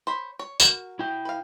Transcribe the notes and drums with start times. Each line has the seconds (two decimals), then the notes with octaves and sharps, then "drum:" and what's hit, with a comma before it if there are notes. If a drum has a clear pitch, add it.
0.07 C5 C#5 B5
0.39 C#5
0.60 F#4 A#4, drum: tambourine
0.99 E4 G5
1.25 B4 F5